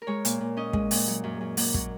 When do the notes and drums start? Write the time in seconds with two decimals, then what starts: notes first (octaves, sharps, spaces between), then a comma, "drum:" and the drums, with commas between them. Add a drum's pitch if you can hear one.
0.02 A#4
0.07 G#3 C#5
0.25 A#2, drum: hi-hat
0.41 A#2
0.57 C#4 D#5
0.73 G#3, drum: kick
0.91 A#2, drum: open hi-hat
1.07 F#3
1.24 F#2
1.41 F#2
1.57 A#3 F#5, drum: open hi-hat
1.74 F#3, drum: kick